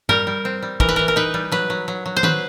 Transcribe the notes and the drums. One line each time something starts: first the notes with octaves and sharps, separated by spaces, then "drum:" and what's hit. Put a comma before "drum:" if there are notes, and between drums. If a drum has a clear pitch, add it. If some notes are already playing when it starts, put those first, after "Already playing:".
G3 A#4, drum: tom G2
G3
C4
G3
E3 A#4, drum: kick
B4
E3 A#4
A#4
D#4 B4
G3
F#3 B4
F#3
F#3
F#3
C5
F#3 B4, drum: tom D#3